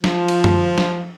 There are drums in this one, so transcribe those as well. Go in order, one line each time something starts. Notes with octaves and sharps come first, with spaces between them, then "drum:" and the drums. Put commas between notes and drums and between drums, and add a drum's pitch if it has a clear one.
F3, drum: snare
drum: cymbal
drum: tom F#2
drum: snare